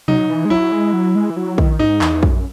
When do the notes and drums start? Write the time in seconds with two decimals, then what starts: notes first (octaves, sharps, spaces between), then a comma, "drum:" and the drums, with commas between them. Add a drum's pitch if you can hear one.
0.08 F#3 D#4, drum: tom B2
0.30 E3
0.45 G#3
0.50 F#3 E4
0.72 G#3
0.93 F#3
1.15 G#3
1.30 E3
1.36 F#3
1.58 D#3, drum: kick
1.79 G#2 D#4
2.01 E2, drum: clap
2.23 F#2, drum: kick